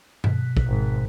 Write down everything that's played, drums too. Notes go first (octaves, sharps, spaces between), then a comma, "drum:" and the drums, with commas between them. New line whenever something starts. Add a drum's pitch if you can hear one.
B2, drum: tom G2
drum: kick
G#1